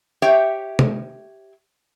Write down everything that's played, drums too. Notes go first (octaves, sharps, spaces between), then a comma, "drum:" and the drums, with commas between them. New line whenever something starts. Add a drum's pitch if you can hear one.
G4 C#5 E5 G5
drum: tom